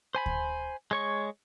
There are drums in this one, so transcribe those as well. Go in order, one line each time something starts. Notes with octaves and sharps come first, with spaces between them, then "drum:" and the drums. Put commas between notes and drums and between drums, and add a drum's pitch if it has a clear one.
C5 G#5 B5
drum: kick D2
G#3 C#5 C#6